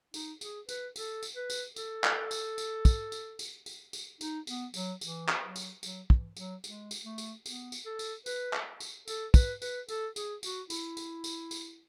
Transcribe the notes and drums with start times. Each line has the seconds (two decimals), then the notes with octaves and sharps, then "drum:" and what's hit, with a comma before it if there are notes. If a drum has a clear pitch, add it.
0.14 D#4, drum: tambourine
0.41 G#4, drum: tambourine
0.69 B4, drum: tambourine
0.96 A4, drum: tambourine
1.23 drum: tambourine
1.36 B4
1.50 drum: tambourine
1.76 A4, drum: tambourine
2.04 drum: clap
2.31 drum: tambourine
2.58 drum: tambourine
2.85 drum: kick, tambourine
3.12 drum: tambourine
3.39 drum: tambourine
3.66 drum: tambourine
3.93 drum: tambourine
4.21 D#4, drum: tambourine
4.47 B3, drum: tambourine
4.74 F#3, drum: tambourine
5.01 E3, drum: tambourine
5.29 drum: clap
5.42 F#3
5.56 drum: tambourine
5.83 F#3, drum: tambourine
6.10 E3, drum: kick
6.37 F#3, drum: tambourine
6.64 G#3, drum: tambourine
6.91 drum: tambourine
7.05 A3
7.18 drum: tambourine
7.46 B3, drum: tambourine
7.72 drum: tambourine
7.86 A4
7.99 drum: tambourine
8.26 B4, drum: tambourine
8.53 drum: clap
8.80 drum: tambourine
9.08 A4, drum: tambourine
9.34 B4, drum: kick, tambourine
9.62 B4, drum: tambourine
9.89 A4, drum: tambourine
10.16 G#4, drum: tambourine
10.43 F#4, drum: tambourine
10.70 E4, drum: tambourine
10.97 drum: tambourine
11.24 drum: tambourine
11.51 drum: tambourine